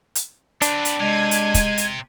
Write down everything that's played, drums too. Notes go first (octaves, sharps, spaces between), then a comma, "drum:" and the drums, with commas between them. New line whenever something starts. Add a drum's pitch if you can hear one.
drum: hi-hat
C4 D4 B4, drum: hi-hat
drum: hi-hat
C3 G#3 G#6 D#7
drum: hi-hat
drum: kick, hi-hat
drum: hi-hat